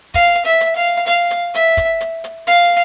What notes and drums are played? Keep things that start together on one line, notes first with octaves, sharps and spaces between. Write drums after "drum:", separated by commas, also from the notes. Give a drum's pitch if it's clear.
F5, drum: kick
E5
drum: hi-hat
F5
F5, drum: hi-hat
drum: hi-hat
E5, drum: hi-hat
drum: kick, hi-hat
drum: hi-hat
drum: hi-hat
F5